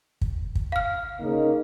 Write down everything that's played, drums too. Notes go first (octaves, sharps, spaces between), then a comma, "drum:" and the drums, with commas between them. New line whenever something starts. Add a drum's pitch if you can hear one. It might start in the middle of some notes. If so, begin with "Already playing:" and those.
drum: kick
drum: kick
F5 F6
C#3 A#3 D#4